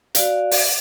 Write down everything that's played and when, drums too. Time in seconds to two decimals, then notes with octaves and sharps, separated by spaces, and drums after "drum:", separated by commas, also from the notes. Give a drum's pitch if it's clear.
0.15 F#4 D5 F5, drum: hi-hat
0.51 drum: open hi-hat